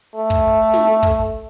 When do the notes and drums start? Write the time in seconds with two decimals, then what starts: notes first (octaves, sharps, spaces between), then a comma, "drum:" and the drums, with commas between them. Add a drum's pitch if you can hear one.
0.16 A3
0.30 drum: kick
0.74 drum: snare
1.03 drum: kick